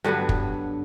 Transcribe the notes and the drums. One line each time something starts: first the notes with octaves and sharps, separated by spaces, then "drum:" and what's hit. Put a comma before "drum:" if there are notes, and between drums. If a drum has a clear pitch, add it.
G2 D3 F#3 B3
drum: kick